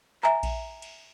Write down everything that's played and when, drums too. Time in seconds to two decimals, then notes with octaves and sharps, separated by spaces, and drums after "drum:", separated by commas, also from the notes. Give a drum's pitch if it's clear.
0.23 E5 G#5 A#5, drum: clap
0.43 drum: kick A#1, cymbal
0.82 drum: cymbal